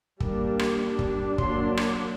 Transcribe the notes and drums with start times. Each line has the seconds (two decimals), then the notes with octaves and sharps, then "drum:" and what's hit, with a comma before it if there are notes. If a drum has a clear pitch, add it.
0.20 G3 A#3 D4, drum: kick
0.59 drum: rim click
0.79 G3 D4
0.99 drum: kick
1.38 F#3 A#3 D4 C6, drum: kick
1.77 drum: rim click